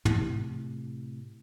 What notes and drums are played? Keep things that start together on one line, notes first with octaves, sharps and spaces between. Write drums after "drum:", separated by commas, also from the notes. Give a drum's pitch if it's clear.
A2 C3, drum: tom